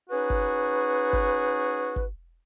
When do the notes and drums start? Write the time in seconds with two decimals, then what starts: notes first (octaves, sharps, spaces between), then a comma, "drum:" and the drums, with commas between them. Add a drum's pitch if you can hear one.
0.09 C#4 D#4 F#4 G#4 B4
0.30 drum: kick
1.13 drum: kick
1.96 drum: kick